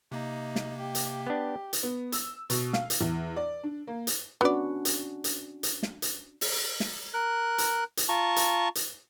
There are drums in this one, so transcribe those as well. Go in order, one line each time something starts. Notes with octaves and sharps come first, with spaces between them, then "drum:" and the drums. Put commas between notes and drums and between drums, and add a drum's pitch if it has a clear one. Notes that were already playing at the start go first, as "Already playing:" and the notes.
C3 A#3 D#4
drum: snare
G4
drum: hi-hat
B3 D4
drum: hi-hat
B3
E6, drum: hi-hat
B2, drum: hi-hat
F5, drum: snare
drum: hi-hat
E2
D5
D4
A#3
drum: hi-hat
B3 C#4 D4 F#4 D5
drum: hi-hat
drum: hi-hat
drum: hi-hat
drum: snare
drum: hi-hat
drum: open hi-hat
drum: snare
A#4 F#6
drum: hi-hat
drum: hi-hat
F4 A5 A#5 C#6
drum: hi-hat
drum: hi-hat